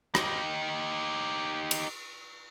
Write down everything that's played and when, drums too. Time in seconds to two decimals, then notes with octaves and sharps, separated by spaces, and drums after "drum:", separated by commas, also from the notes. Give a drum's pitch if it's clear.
0.15 D#4 G4, drum: rim click
1.71 drum: cymbal